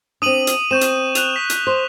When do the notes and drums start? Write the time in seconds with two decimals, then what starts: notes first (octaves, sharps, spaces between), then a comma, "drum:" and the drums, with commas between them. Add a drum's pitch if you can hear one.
0.22 C4 D4 D#6 D#7 F#7
0.47 drum: hi-hat
0.71 C4 C#6 G6 E7
0.81 drum: hi-hat
1.15 F#6 F7, drum: hi-hat
1.36 B6
1.50 drum: hi-hat
1.67 C5